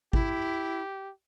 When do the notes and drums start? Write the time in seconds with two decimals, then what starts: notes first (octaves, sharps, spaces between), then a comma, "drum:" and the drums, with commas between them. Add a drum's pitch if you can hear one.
0.13 E4 G4, drum: kick G#1